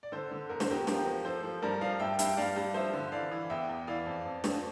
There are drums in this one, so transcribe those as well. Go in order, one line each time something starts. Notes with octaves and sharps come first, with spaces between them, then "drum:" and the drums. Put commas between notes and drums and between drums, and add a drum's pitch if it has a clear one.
D5
D3 A4 C5
D3
E2 A#4
C5, drum: snare
E2 G4 A#4
F3 G4 A#4, drum: snare
F3
F3 A4 C5
F3
G2 A#4 D5
F3 D5 F5
G2 E5 G5
G2 E5 G5, drum: hi-hat
G2 D5 F5
G2
F3 C5 E5
D3
E3 D5 F5
E3
E2 E5 G5
E2
E3 D5 F5
F2
F2
F2, drum: snare